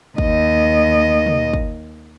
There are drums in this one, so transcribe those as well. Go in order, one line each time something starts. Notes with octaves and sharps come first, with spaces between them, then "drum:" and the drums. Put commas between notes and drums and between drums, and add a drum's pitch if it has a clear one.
D#2 D#5, drum: kick
drum: tom
drum: kick